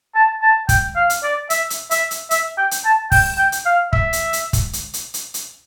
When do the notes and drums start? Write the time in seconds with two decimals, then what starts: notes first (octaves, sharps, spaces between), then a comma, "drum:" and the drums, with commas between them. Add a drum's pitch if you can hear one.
0.15 A5
0.42 A5
0.69 G5, drum: kick, hi-hat
0.96 F5
1.10 drum: hi-hat
1.23 D5
1.50 E5, drum: hi-hat
1.70 drum: hi-hat
1.91 E5, drum: hi-hat
2.11 drum: hi-hat
2.31 E5, drum: hi-hat
2.58 G5
2.71 drum: hi-hat
2.85 A5
3.12 G5, drum: kick, open hi-hat
3.38 G5
3.52 drum: hi-hat
3.66 F5
3.93 E5, drum: kick
4.13 drum: hi-hat
4.33 drum: hi-hat
4.53 drum: kick, hi-hat
4.73 drum: hi-hat
4.94 drum: hi-hat
5.14 drum: hi-hat
5.34 drum: hi-hat